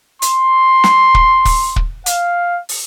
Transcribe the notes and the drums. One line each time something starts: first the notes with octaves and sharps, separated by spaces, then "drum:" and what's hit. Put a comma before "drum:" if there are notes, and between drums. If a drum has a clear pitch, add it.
C6, drum: hi-hat
drum: snare
drum: kick
drum: kick, open hi-hat
drum: kick
F5, drum: hi-hat
drum: open hi-hat